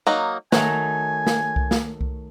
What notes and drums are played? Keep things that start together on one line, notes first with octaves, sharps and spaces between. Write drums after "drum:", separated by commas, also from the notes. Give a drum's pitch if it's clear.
F#3 A#3 D#4
D#3 F#3 A3 G#5 A#5, drum: snare
drum: snare
drum: kick C2
drum: snare
drum: kick C2